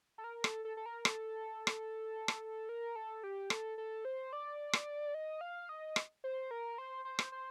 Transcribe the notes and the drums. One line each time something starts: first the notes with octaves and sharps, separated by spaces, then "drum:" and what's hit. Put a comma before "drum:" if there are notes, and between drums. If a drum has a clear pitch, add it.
A4
A#4
A4, drum: rim click
A4
A4
A#4
A4, drum: rim click
drum: rim click
drum: rim click
A#4
A4
G4
A4, drum: rim click
A4
C5
D5
drum: rim click
D#5
F5
D#5
drum: rim click
C5
A#4
C5
C5
drum: rim click
C5